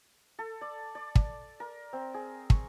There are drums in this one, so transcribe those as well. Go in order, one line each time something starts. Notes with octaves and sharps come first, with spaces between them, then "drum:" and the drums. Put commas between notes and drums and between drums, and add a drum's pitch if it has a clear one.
A4
D5
D5
drum: kick
A#4
C4
G#4
C#6, drum: kick